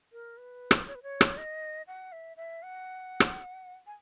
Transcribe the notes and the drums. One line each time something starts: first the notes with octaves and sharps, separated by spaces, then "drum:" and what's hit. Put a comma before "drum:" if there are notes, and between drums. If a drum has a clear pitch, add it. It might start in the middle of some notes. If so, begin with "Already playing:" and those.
A#4
B4
drum: rim click
C#5
B4
C#5
drum: rim click
D#5
F#5
E5
E5
F#5
drum: rim click
G#5